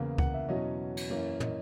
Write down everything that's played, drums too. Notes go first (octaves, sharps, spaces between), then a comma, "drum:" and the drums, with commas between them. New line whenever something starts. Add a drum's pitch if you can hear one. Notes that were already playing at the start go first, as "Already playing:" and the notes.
Already playing: E2 C#3 E3 A#3
F#5, drum: kick C#2
E5
E2 B2 F#3 C#4 D#5
drum: cymbal
F#2 E3 A#3 C#4
D#5, drum: tom